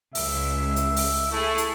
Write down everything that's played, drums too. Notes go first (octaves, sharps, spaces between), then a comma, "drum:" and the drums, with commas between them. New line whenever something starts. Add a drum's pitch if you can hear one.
C#2 E5, drum: open hi-hat
drum: hi-hat
drum: open hi-hat
A3 E4 G#4 A4
drum: hi-hat